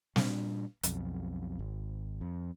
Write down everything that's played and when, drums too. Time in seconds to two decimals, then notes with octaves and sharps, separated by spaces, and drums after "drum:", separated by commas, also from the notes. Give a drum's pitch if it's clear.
0.16 A#2 G3 D4, drum: snare
0.83 B1 F2, drum: hi-hat
1.59 G#1
2.21 F2